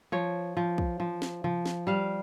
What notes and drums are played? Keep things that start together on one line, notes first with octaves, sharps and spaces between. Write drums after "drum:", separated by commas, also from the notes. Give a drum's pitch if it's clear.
F3 C#5
F3
drum: kick
F3, drum: tom E3
drum: snare
F3, drum: tom C3
drum: snare
G3 F5